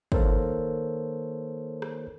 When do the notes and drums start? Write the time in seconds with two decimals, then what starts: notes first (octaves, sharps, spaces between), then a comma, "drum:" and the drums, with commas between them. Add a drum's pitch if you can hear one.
0.12 D#3 A#3 A4 A#4 C5 C#5, drum: kick
1.82 drum: rim click